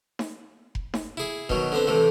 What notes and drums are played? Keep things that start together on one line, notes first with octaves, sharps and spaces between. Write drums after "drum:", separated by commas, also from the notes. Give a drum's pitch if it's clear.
drum: snare D#4
drum: kick F1
drum: snare D#4
E4 G#4
B2 D#3 F#3, drum: kick F1
D3 B3 C4
A2 C3 E3 A3